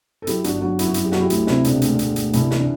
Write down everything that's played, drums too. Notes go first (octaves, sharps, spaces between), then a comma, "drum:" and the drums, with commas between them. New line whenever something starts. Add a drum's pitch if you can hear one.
A4
F#3 E4 G4, drum: hi-hat
G1 D4 F#4, drum: hi-hat
F#3 D4 F#4
F#2 E4, drum: hi-hat
F#4
F#3 E4, drum: hi-hat
G4
F#3 F#4, drum: snare
E4 G4
D2 E4 G4, drum: hi-hat
C3 E4, drum: snare
E1 D4, drum: hi-hat
D2, drum: hi-hat
E1, drum: hi-hat
D2, drum: hi-hat
C2 E4, drum: hi-hat
E3, drum: snare
D4